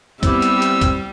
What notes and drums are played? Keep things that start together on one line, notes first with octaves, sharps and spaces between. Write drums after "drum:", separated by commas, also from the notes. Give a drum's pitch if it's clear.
G3 B3 C4 E4 G4 E6, drum: kick, hi-hat
drum: hi-hat
drum: hi-hat
drum: kick, hi-hat